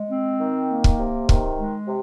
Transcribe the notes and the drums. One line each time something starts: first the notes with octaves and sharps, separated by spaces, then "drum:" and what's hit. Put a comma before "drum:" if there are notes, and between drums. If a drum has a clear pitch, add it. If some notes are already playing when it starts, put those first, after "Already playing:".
Already playing: G#3
C4
D#3
A#3
drum: kick
C3
D#3, drum: kick
G#3
C3